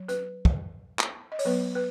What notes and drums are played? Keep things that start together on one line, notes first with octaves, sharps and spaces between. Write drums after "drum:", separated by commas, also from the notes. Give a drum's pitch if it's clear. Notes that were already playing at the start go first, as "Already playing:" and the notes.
Already playing: F#3
B4, drum: hi-hat
drum: kick
drum: clap
D#5
C#5, drum: open hi-hat
F#3 B3 B4
B4